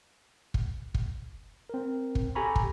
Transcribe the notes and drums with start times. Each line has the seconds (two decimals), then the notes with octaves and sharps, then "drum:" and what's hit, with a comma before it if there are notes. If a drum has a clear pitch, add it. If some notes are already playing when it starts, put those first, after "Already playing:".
0.54 drum: kick
0.94 drum: kick
1.69 C4 A#4
2.15 drum: kick
2.35 G4 A4 G#5 A#5 B5 C#6
2.56 drum: kick